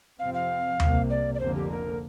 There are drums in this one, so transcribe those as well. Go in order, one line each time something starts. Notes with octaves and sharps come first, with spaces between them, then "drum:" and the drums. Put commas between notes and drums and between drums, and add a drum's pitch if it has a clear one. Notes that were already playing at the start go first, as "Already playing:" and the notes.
F2 C3 F3 C4 F5
F5
C2 C3 A#3, drum: tom D#2
D5
D5
F1 F2 D3 A#3 C5
G4
A#4